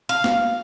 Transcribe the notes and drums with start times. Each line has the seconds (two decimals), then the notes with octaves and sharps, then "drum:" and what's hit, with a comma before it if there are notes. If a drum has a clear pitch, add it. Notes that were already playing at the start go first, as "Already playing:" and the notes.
0.09 F5
0.24 drum: snare